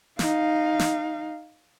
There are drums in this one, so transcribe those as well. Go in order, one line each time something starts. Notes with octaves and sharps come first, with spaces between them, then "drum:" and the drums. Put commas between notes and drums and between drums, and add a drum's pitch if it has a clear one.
D#4 F5, drum: snare
drum: snare